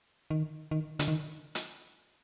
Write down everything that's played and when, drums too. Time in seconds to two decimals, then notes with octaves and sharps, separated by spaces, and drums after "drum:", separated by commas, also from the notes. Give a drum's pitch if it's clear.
0.30 D#3
0.71 D#3
0.99 D3, drum: hi-hat
1.08 D#3
1.55 drum: hi-hat